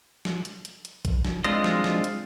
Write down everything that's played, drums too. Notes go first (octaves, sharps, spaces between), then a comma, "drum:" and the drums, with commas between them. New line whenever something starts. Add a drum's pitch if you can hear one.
drum: snare
drum: hi-hat
drum: hi-hat
drum: hi-hat
drum: kick, hi-hat
drum: snare
G#3 C4 D4 F4 D#5, drum: hi-hat
drum: snare
drum: snare
drum: hi-hat